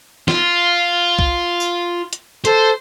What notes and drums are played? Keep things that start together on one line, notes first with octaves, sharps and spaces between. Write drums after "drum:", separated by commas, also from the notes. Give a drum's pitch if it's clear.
F4, drum: snare
drum: kick
drum: tambourine
drum: hi-hat
A4 C5, drum: hi-hat